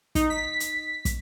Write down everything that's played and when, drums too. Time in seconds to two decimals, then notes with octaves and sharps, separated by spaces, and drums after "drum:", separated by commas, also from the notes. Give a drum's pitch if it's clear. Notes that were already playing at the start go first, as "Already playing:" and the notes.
0.15 D#4, drum: kick, hi-hat
0.30 B6
0.60 drum: hi-hat
1.05 drum: kick, hi-hat